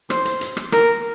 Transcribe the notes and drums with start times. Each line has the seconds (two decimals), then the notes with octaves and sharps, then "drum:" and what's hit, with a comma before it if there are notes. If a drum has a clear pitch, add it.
0.10 C5, drum: rim click
0.25 drum: hi-hat
0.41 drum: hi-hat
0.57 drum: rim click
0.72 A#4, drum: rim click